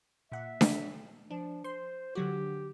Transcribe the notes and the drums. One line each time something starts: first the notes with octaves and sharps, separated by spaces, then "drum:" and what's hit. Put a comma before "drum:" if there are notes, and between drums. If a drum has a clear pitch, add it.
A#2 E5 F#5
drum: snare D4
F3 D4
C5 C6
D3 F#3 F#4 G4